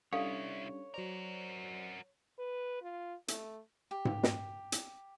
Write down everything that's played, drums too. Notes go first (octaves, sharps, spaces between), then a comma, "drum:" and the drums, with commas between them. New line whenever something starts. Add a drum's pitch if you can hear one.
C2 G3 C#4 D4 E4 A4 C#5 F5
F#3 F#4 A#4 C5 D5
B4
F4
A3, drum: hi-hat
G4
drum: tom G#2
drum: snare
drum: hi-hat